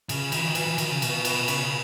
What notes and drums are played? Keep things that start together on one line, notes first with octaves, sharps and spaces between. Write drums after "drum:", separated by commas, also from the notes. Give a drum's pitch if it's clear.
C#3, drum: cymbal
D#3, drum: cymbal
E3
D#3
E3, drum: cymbal
E3
D#3, drum: cymbal
C#3
B2, drum: cymbal
drum: cymbal
C#3, drum: cymbal